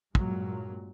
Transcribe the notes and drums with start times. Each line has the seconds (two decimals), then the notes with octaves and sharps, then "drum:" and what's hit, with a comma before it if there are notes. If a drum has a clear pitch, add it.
0.15 G2 A#2 F#3 G#3, drum: kick